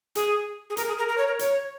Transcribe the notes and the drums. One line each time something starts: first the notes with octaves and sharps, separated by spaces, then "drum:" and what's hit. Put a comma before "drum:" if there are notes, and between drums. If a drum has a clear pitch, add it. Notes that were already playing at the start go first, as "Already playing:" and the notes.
G#4, drum: hi-hat
G#4
A#4, drum: hi-hat
G#4
A#4
A#4
C#5
A#4
C#5, drum: hi-hat